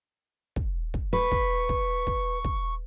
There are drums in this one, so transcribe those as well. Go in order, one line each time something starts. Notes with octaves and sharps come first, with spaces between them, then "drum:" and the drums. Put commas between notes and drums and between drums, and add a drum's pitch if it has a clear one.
drum: kick
drum: kick
B4 C#6
drum: kick
drum: kick
drum: kick
drum: kick